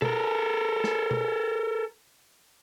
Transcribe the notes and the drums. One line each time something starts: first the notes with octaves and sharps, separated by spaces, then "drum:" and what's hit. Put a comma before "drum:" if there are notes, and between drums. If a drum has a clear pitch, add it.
A4 A#4, drum: tom B2
drum: snare
drum: tom B2